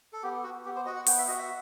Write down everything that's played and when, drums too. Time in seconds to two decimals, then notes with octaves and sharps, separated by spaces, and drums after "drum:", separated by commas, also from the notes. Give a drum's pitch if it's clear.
0.13 A4
0.23 B3 G4
0.43 F#4
0.65 B3 G4
0.76 C5
0.86 F#4 D#5
0.96 F#5
1.06 B3 G5, drum: open hi-hat
1.18 E5
1.28 F#4 D#5
1.39 E5